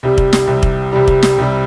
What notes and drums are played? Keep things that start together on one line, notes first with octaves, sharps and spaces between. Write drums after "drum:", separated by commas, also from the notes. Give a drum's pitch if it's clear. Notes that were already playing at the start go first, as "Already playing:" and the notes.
C2 C3 G3
drum: kick
drum: snare
C2 C3 G3
drum: kick
C2 C3 G3
drum: kick
drum: snare
C2 C3 G3